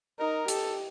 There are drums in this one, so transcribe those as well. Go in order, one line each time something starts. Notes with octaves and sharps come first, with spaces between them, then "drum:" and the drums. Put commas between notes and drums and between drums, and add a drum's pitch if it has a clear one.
D#4 A#4
G4 A4, drum: hi-hat